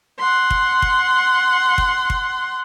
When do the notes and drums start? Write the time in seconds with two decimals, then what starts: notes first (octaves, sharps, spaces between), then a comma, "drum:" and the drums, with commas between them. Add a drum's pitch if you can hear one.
0.19 F#5 C6
0.50 drum: kick
0.82 drum: kick
1.78 drum: kick
2.10 drum: kick